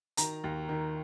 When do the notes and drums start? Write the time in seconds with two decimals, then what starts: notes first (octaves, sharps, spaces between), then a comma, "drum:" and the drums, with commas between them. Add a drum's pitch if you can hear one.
0.17 D#3 A#5, drum: hi-hat
0.44 D#2
0.69 D#3